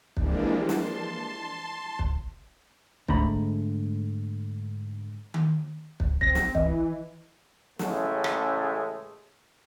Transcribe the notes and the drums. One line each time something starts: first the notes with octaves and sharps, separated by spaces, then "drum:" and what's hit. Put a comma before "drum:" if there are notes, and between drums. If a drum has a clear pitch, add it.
E3 F3 G3 G#3 A#3 D4, drum: kick
A5 C6, drum: snare
drum: kick
G#2 D3 A3 A#5 B5, drum: kick
drum: tom D#3
drum: kick
C4 A#6, drum: kick
drum: snare
E3 D#5, drum: kick
A1 A2 C#3 G#3 A3 A4, drum: snare
drum: rim click